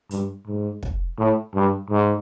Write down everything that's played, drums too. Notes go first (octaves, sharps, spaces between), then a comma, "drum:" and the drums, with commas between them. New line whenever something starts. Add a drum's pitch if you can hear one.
G2, drum: hi-hat
G#2
drum: kick
A2
G2
G#2